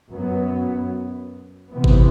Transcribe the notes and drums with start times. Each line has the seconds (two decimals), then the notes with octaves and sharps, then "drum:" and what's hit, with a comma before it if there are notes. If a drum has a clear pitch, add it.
0.10 F#2 F#3 B3
1.71 C3 E3 B3
1.84 drum: kick G1